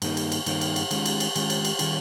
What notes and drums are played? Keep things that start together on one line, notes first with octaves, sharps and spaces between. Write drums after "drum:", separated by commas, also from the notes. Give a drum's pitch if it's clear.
G2 D#3 A#3 D#4, drum: cymbal
drum: cymbal
drum: cymbal
G2 D#3 A#3 D#4, drum: cymbal
drum: cymbal
drum: cymbal
D#3 G#3 C#4 F4, drum: cymbal
drum: cymbal
drum: cymbal
D#3 G#3 C#4 F4, drum: cymbal
drum: cymbal
drum: cymbal
D#3 G3 C#4 F4, drum: cymbal